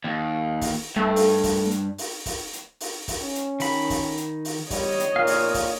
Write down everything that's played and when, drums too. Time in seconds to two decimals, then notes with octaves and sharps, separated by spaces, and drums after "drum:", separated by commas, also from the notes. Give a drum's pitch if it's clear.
0.04 D#2
0.61 drum: kick, open hi-hat
0.96 G2 A3
1.16 drum: open hi-hat
1.44 drum: kick, open hi-hat
1.71 drum: hi-hat
1.98 drum: open hi-hat
2.26 drum: kick, open hi-hat
2.53 drum: hi-hat
2.80 drum: open hi-hat
3.08 drum: kick, open hi-hat
3.22 C#4
3.35 drum: hi-hat
3.60 D#3 B5, drum: open hi-hat
3.90 drum: kick, open hi-hat
4.17 drum: hi-hat
4.45 drum: open hi-hat
4.70 G3 C#5 D#5, drum: kick, open hi-hat
5.00 drum: hi-hat
5.16 A#2 F5 F6
5.27 drum: open hi-hat
5.54 drum: kick, open hi-hat